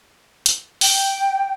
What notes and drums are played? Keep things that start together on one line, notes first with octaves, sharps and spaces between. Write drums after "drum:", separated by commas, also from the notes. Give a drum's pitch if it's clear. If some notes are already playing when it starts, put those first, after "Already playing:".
drum: hi-hat
G5, drum: open hi-hat